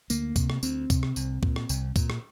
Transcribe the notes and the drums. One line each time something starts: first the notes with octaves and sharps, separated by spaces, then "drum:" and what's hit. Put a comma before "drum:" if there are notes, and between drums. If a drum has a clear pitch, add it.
D2 A#3, drum: tambourine
C3, drum: kick C#2, tambourine
drum: rim click
D2 C4, drum: tambourine
C3, drum: kick C#2, tambourine
drum: rim click
C2, drum: tambourine
A#2, drum: kick C#2
drum: rim click
C2, drum: tambourine
A#2, drum: kick C#2, tambourine
drum: rim click